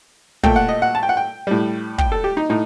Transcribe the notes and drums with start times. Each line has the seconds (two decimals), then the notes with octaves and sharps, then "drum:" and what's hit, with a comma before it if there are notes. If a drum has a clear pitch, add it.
0.43 A#2 A3 G5, drum: kick
0.56 F#5
0.69 D#5
0.82 F#5
0.95 A5
1.03 G5
1.09 F#5
1.17 G5
1.47 A2 G3
1.98 G5, drum: kick
2.12 A4
2.24 G4
2.37 D#4
2.50 A2 D#4